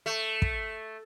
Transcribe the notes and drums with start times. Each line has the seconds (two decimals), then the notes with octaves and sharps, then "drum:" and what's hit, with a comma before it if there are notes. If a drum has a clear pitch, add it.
0.06 A3
0.42 drum: kick